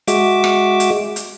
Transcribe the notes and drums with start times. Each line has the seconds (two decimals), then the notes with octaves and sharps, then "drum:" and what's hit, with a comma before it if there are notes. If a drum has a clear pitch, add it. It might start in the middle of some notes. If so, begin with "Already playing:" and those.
0.08 G#3 F#4 E5 D6, drum: hi-hat
0.44 drum: rim click
0.80 drum: hi-hat
1.16 drum: hi-hat